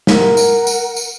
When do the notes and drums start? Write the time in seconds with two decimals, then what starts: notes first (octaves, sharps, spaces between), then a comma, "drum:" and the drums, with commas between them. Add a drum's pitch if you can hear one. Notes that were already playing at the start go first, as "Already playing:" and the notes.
0.07 A#4 F#5, drum: snare
0.37 drum: tambourine
0.67 drum: tambourine
0.96 drum: tambourine